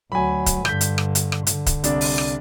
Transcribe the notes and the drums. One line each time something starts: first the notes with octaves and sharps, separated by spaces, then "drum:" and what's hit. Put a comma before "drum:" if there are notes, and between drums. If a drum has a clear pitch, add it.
D2 F#3 G#5 B5
drum: kick C#1, hi-hat
G2 D3 G6 B6, drum: rim click
drum: hi-hat
drum: rim click
drum: hi-hat
drum: rim click
D3, drum: hi-hat
drum: kick C#1, hi-hat
C2 D4, drum: hi-hat
drum: open hi-hat
drum: rim click